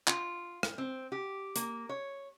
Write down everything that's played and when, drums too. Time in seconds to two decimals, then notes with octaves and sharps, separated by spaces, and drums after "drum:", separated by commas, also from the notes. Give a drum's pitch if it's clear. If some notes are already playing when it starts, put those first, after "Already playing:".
0.07 F4, drum: clap
0.63 drum: rim click
0.78 C4
1.12 G4
1.56 A#3, drum: hi-hat
1.89 C#5